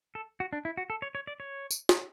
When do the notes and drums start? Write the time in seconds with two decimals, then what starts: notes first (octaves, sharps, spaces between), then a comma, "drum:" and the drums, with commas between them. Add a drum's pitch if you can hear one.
0.15 A4
0.40 F#4
0.53 D4
0.65 E4
0.77 F#4
0.90 A4
1.02 C#5
1.15 C#5
1.27 D5
1.40 C#5
1.71 drum: tambourine
1.89 drum: snare